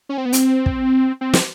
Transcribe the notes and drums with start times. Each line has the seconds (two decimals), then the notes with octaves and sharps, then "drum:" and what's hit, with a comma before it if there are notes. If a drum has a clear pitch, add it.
0.09 C#4
0.18 C4
0.25 B3
0.33 C4, drum: hi-hat
0.66 drum: kick
1.21 C4
1.33 drum: snare